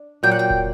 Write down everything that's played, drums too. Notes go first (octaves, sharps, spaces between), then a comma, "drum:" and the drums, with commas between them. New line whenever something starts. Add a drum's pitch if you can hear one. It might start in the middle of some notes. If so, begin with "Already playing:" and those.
Already playing: D4
A#2 F#3 A#3 G5
F#5
G5
drum: kick E1